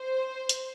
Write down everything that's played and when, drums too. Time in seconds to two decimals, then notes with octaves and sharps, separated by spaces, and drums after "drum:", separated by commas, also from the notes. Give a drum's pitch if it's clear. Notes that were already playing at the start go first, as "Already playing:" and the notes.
Already playing: C5
0.49 drum: hi-hat